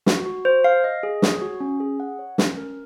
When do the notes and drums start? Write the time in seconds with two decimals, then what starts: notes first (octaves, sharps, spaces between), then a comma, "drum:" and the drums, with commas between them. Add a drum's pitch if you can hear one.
0.06 F#4, drum: snare
0.26 F#4
0.45 C5
0.64 F5
0.84 D#5
1.03 G#4
1.22 C#5, drum: snare
1.42 F#4
1.60 C#4
1.80 G#4
2.00 F#5
2.19 C#5
2.38 C#4, drum: snare
2.57 A#4